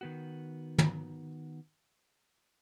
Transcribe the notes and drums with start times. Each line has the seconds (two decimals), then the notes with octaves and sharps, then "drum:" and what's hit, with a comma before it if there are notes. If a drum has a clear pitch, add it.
0.01 D#3 B3 F#4
0.78 drum: tom